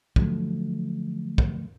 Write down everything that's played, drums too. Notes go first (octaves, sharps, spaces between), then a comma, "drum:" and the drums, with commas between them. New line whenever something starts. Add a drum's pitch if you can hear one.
D3 F3 F#3 A3, drum: kick
drum: kick